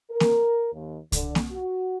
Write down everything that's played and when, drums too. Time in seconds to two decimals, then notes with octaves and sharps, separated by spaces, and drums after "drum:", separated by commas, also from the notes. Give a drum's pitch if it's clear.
0.11 A#4
0.20 drum: snare A#3
0.74 D#2
1.12 D3, drum: kick C2, hi-hat
1.35 drum: snare A#3
1.52 F#4